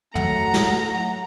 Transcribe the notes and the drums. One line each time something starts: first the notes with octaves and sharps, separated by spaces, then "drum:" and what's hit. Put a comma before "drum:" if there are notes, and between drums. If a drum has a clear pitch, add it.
F#3 A3 F#5 A#5, drum: tom
drum: snare